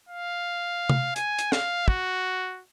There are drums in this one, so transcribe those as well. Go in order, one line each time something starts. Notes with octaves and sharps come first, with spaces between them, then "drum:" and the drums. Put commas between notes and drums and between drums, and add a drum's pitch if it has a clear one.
F5
drum: tom C3
G#5, drum: hi-hat
drum: hi-hat
F5, drum: snare
F#4, drum: kick